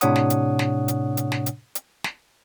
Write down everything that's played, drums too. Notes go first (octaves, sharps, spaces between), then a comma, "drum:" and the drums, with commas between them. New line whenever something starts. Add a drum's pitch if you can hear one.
A2 C3 D4 C#5 F#5 D#6, drum: hi-hat
drum: snare
drum: hi-hat
drum: snare
drum: hi-hat
drum: hi-hat
drum: snare
drum: hi-hat
drum: hi-hat
drum: snare